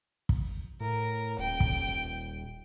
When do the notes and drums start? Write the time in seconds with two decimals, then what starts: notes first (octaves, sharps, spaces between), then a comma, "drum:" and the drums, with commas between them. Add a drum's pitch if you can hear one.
0.29 drum: kick
0.80 A2 A#4
1.39 D#1 G5
1.60 drum: kick